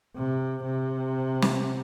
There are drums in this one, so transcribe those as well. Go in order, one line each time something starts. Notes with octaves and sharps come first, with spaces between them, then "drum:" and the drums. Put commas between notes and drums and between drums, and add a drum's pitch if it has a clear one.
C3
C3
drum: snare